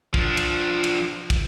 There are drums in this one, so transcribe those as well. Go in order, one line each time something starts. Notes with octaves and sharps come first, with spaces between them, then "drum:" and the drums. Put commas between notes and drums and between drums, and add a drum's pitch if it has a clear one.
F3 D4, drum: kick
drum: cymbal
drum: cymbal
drum: kick, cymbal